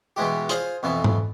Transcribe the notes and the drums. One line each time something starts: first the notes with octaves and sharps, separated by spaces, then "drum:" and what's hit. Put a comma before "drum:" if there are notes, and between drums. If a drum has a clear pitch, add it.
B2 E3 G#3 G4
F4 G#4 C5 F5, drum: hi-hat
F2 B2 E3
drum: tom G#2